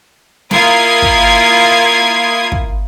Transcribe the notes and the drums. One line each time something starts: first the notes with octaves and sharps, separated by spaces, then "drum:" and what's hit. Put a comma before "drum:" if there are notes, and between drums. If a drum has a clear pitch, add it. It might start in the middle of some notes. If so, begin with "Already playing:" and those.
A#3 E4 F4 D#6 G#6 C7, drum: snare
drum: kick
drum: kick